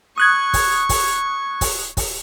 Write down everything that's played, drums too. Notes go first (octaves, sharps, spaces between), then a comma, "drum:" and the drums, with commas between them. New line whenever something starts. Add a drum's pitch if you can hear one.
C#6 D#6 F#6 G#6
drum: kick, open hi-hat
drum: kick, open hi-hat
drum: kick, open hi-hat
drum: kick, open hi-hat